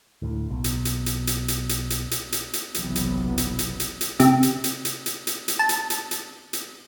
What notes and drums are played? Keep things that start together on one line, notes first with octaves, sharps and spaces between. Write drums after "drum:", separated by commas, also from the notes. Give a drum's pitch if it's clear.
D2 A2
B1 B2
drum: hi-hat
drum: hi-hat
drum: hi-hat
drum: hi-hat
drum: hi-hat
drum: hi-hat
drum: hi-hat
drum: hi-hat
drum: hi-hat
drum: hi-hat
F#1 B1 C3 E3 F#3 B3, drum: hi-hat
drum: hi-hat
drum: hi-hat
drum: hi-hat
drum: hi-hat
drum: hi-hat
C3, drum: hi-hat
drum: hi-hat
drum: hi-hat
drum: hi-hat
drum: hi-hat
drum: hi-hat
drum: hi-hat
A5
drum: hi-hat
drum: hi-hat
drum: hi-hat
drum: hi-hat